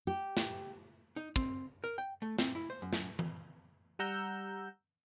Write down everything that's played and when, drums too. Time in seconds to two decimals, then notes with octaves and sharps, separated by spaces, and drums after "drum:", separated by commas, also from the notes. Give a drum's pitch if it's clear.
0.07 G4
0.37 drum: snare
1.16 D#4
1.36 C4, drum: kick
1.84 A#4
1.98 G5
2.22 A3
2.39 C4, drum: snare
2.55 E4
2.70 C5
2.82 F#2
2.93 drum: snare
3.19 drum: tom E3
3.99 G3 F#5 A#5 E6 G6